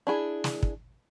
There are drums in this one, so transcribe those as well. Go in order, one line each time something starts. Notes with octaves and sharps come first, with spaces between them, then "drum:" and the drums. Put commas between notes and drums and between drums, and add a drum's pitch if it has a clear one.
D4 E4 G#4
drum: snare
drum: kick